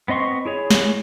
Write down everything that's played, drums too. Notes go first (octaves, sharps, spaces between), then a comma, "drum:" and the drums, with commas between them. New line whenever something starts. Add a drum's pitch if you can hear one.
B3 C4 D#5 C6 C#6
E4 G#4 C#5
drum: snare